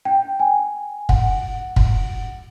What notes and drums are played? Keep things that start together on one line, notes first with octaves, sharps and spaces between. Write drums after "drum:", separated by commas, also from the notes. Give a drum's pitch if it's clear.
G5
G#5
F#5, drum: kick
drum: kick